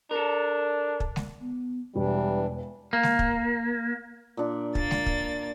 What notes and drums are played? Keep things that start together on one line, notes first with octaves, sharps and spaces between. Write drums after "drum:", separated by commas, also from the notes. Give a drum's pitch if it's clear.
D4 A4 A#4
drum: kick
drum: snare G#3
B3
E1 E3 G3 D4 B4
A#3
drum: snare G#3
drum: kick
A#2 D4
A#3 A6, drum: kick
drum: snare G#3
drum: kick